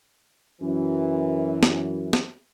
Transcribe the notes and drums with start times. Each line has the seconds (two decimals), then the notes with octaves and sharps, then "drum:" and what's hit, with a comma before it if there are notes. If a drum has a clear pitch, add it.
0.61 F#2 E3
1.63 drum: snare
2.13 drum: snare